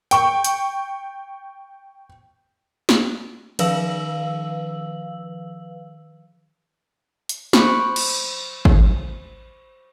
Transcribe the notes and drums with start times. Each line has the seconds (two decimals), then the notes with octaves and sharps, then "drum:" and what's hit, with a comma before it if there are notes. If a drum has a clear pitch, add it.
0.11 G5 C#6, drum: hi-hat
0.44 drum: hi-hat
2.89 drum: snare
3.59 D#3 F3 B4 F5 E6 F#7, drum: cymbal
7.29 drum: hi-hat
7.53 C5 B5 C#6 D6 F#6, drum: snare
7.96 drum: cymbal
8.65 drum: kick